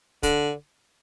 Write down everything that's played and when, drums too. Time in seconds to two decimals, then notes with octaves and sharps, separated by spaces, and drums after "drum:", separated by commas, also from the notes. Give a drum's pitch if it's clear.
0.23 D3, drum: kick, hi-hat